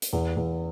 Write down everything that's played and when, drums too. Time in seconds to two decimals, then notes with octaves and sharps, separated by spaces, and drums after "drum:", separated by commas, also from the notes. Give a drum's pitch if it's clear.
0.02 drum: hi-hat
0.13 E2
0.37 E2